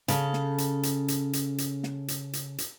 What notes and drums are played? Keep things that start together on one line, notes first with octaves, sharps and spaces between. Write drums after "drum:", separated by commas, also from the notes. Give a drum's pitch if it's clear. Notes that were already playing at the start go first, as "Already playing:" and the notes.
C#3 A4, drum: hi-hat
drum: snare
drum: hi-hat
drum: hi-hat
drum: hi-hat
drum: hi-hat
drum: hi-hat
drum: snare
drum: hi-hat
drum: hi-hat
drum: hi-hat